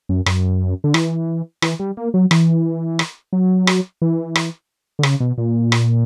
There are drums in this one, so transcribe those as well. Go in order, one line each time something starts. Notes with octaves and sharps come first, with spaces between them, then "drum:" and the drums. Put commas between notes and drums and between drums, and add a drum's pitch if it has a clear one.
F#2
F#2, drum: rim click
D3
E3, drum: rim click
E3, drum: rim click
G3
A#3
F#3
E3, drum: rim click
drum: rim click
F#3
drum: rim click
E3
drum: rim click
D3
C#3, drum: rim click
B2
A#2
drum: rim click